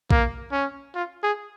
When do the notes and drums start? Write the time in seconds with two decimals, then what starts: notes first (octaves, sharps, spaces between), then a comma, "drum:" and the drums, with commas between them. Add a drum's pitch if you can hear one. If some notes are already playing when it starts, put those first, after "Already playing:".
0.11 A#3, drum: kick A#1
0.52 C#4
0.95 F4
1.23 G#4